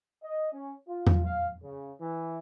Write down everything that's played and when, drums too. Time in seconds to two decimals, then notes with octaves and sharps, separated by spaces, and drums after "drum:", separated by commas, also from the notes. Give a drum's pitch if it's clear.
0.23 D#5
0.53 C#4
0.88 F4
1.07 drum: tom E2
1.24 F5
1.63 C#3
2.01 E3